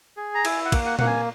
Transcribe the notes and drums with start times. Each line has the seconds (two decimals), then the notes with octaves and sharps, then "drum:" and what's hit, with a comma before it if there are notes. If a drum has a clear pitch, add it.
0.17 G#4
0.35 A#5
0.45 E4 G#5, drum: cymbal
0.65 F#5
0.72 A#3, drum: kick, cymbal
0.86 F#5
0.99 A#3 F#5, drum: tom A#2
1.06 G#5